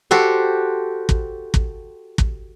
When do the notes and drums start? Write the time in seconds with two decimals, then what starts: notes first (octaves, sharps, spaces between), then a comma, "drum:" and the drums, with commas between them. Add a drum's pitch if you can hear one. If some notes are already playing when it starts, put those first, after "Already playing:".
0.11 F#4 G4 A4 C5
1.09 drum: kick
1.54 drum: kick
2.18 drum: kick